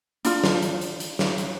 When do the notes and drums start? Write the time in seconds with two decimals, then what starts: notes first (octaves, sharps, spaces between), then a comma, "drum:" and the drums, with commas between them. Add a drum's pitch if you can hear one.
0.25 D4 F4, drum: hi-hat
0.44 drum: snare
0.62 drum: hi-hat
0.81 drum: hi-hat
1.00 drum: hi-hat
1.19 drum: snare
1.38 drum: hi-hat